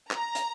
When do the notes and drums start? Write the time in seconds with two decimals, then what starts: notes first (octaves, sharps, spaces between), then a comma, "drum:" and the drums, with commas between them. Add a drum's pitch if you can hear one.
0.11 A#5, drum: clap
0.35 drum: hi-hat